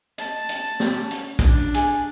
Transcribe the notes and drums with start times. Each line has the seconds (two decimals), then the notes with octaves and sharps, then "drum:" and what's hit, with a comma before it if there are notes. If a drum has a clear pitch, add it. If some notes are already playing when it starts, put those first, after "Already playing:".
0.18 D#5 A5, drum: hi-hat
0.49 drum: hi-hat
0.80 drum: snare
0.93 C#4
1.11 drum: hi-hat
1.39 D4, drum: kick, hi-hat
1.74 G#4, drum: hi-hat